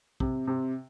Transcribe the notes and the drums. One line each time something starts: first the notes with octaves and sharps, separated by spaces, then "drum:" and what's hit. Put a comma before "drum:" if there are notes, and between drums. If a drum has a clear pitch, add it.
C3, drum: kick
C3